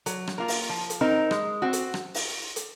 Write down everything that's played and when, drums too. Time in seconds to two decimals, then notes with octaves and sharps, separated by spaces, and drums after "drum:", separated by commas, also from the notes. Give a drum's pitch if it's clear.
0.06 F#3, drum: hi-hat
0.27 drum: rim click
0.38 A#3 F4 A#4
0.48 drum: open hi-hat
0.69 F3
0.90 drum: hi-hat
1.01 C4 D#4 A#4
1.31 G#3, drum: rim click
1.62 C4 F#4
1.73 drum: hi-hat
1.94 drum: rim click
2.14 drum: open hi-hat
2.56 drum: hi-hat